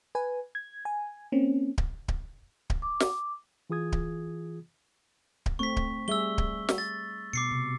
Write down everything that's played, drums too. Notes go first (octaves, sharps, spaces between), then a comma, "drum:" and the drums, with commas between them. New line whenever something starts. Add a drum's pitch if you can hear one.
B4 G#5
G#6
G#5
A#3 C4 C#4
drum: kick D1
drum: kick D1
drum: kick D1
D6
drum: snare
E3 F4 G#4 D#6 G#6
drum: kick D1
drum: kick D1
A3 C4 C#6 B6
drum: kick D1
G3 G#4 E5 E6 G7
drum: kick D1
drum: snare
A6
B2 D6 C7 C#7
C3